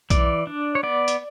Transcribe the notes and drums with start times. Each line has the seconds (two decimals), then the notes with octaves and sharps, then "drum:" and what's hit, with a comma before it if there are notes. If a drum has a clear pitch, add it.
0.10 E3 D5, drum: kick B1, hi-hat
0.47 D4
0.75 C#5
0.83 B3 D5
1.08 drum: hi-hat